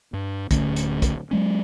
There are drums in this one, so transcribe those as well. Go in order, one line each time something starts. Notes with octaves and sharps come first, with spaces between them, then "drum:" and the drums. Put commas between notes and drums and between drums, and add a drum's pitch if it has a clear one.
G2
D1 D3 A3 C#4, drum: kick, hi-hat
drum: hi-hat
drum: kick, hi-hat
F#3 G#3 C#4